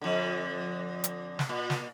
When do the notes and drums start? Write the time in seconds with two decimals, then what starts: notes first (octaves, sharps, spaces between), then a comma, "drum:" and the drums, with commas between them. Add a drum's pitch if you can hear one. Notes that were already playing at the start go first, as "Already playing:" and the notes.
0.01 F2 D3
1.04 drum: hi-hat
1.39 drum: snare
1.49 A#2
1.70 drum: snare